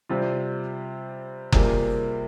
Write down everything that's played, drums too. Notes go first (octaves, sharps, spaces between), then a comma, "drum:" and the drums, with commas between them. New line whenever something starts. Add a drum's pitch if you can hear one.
C3 G3 C4 F4
C3 G3 A#3 F4 G#4, drum: kick F#1